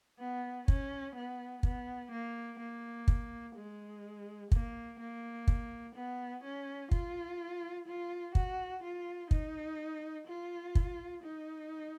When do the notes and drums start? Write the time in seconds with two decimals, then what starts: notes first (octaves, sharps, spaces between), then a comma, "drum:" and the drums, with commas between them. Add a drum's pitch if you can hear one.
0.19 B3
0.68 C#4, drum: kick
1.15 B3
1.63 B3, drum: kick
2.11 A#3
2.59 A#3
3.08 drum: kick
3.56 G#3
4.52 A#3, drum: kick
4.99 A#3
5.48 drum: kick
5.95 B3
6.44 C#4
6.91 F4, drum: kick
7.88 F4
8.35 F#4, drum: kick
8.83 F4
9.31 D#4, drum: kick
10.27 F4
10.75 drum: kick
11.23 D#4